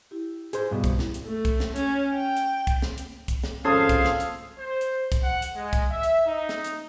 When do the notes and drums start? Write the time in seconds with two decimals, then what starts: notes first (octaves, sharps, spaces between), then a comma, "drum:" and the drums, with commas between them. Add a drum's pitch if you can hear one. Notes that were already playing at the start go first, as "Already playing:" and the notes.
0.11 E4 G4
0.53 G#4 C5, drum: hi-hat
0.71 G2 B2
0.84 drum: kick, hi-hat
0.99 drum: snare
1.14 drum: hi-hat
1.26 A3
1.45 drum: kick, hi-hat
1.60 drum: snare
1.76 C#4, drum: hi-hat
2.14 G5
2.37 drum: hi-hat
2.67 drum: kick, hi-hat
2.82 drum: snare
2.98 drum: hi-hat
3.28 drum: kick, hi-hat
3.44 drum: snare
3.65 G#1 F2 C#4 G#4 A4 C5 F5 D#6
3.89 drum: kick, hi-hat
4.05 drum: snare
4.20 drum: hi-hat
4.59 C5
4.81 drum: hi-hat
5.12 drum: kick, hi-hat
5.23 F#5
5.42 drum: hi-hat
5.56 G#3
5.73 drum: kick, hi-hat
5.91 E5
6.03 drum: hi-hat
6.27 D#4
6.49 drum: snare
6.64 drum: hi-hat